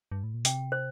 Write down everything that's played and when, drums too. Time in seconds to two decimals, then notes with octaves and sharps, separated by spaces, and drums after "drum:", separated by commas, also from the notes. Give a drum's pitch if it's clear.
0.12 G2
0.24 A2
0.34 A#2
0.45 C3 G5, drum: hi-hat
0.72 C5